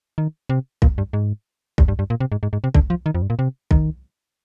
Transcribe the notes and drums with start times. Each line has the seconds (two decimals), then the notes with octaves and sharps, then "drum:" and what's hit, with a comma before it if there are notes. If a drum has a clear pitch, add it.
0.18 D#3
0.49 C3
0.82 A#2, drum: kick
0.98 G2
1.13 G#2
1.78 G2, drum: kick
1.88 G2
1.99 G2
2.10 A#2
2.20 C3
2.32 G#2
2.43 G#2
2.53 G#2
2.64 C3
2.74 D3, drum: kick
2.90 F3
3.06 D#3
3.15 F2
3.22 G2
3.30 A#2
3.39 C3
3.71 D#3, drum: kick